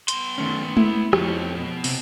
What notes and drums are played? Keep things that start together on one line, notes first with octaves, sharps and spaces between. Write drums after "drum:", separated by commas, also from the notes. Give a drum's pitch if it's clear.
B3 C6, drum: hi-hat
D#3 A3 C#4
E4, drum: tom G#3
F2 F3 B3 C#5, drum: rim click
B2
C3, drum: open hi-hat